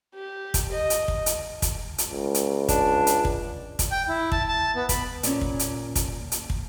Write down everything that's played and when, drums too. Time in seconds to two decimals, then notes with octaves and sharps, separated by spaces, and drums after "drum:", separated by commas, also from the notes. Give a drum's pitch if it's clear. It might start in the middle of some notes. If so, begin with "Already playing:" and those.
0.15 G4
0.54 drum: kick, hi-hat
0.72 D#5
0.90 drum: hi-hat
1.08 drum: kick
1.26 drum: hi-hat
1.62 drum: kick, hi-hat
1.98 drum: hi-hat
2.11 C#2
2.34 drum: hi-hat
2.69 D4, drum: kick, hi-hat
3.07 drum: hi-hat
3.25 drum: kick
3.79 drum: kick, hi-hat
3.91 G5
4.08 E4
4.32 A5, drum: kick
4.48 A5
4.75 B3
4.89 B5, drum: kick, hi-hat
5.23 A#2 C#4, drum: hi-hat
5.41 drum: kick
5.59 drum: hi-hat
5.95 drum: kick, hi-hat
6.32 drum: hi-hat
6.50 drum: kick